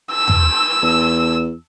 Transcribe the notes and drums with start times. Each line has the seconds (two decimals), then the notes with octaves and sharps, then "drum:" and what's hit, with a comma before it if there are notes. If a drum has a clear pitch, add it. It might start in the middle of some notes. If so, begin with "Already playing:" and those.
0.11 E6
0.28 drum: tom
0.82 E2